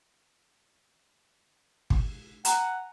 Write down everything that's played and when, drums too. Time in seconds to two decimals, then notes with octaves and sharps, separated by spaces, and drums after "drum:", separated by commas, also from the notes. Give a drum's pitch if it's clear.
1.90 drum: kick G#1
2.45 F#5 G#5 A#5, drum: hi-hat